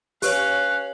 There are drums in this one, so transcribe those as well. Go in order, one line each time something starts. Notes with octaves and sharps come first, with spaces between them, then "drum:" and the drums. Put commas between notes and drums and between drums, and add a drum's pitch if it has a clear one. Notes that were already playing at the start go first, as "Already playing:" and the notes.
C#4 G4 B4 C#5 F5 F#6, drum: open hi-hat